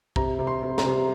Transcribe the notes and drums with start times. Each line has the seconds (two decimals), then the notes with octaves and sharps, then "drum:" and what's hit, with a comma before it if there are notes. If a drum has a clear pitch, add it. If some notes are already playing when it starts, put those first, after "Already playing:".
0.16 C3 A#5, drum: kick
0.39 C3
0.47 C6
0.63 C3
0.78 A#5, drum: snare
0.85 C3